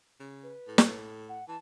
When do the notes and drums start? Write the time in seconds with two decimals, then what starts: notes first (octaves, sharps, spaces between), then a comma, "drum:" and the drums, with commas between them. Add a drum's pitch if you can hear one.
0.20 C#3
0.43 B4
0.68 A2
0.78 drum: snare
1.29 F#5
1.48 E3 A5